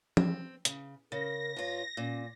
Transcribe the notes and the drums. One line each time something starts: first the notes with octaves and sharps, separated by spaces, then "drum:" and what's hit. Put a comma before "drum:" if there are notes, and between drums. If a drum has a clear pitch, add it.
C4, drum: tom F3
C#3, drum: hi-hat
C#3 A#4 A#6
G2 F4 C#5
A#2 C#4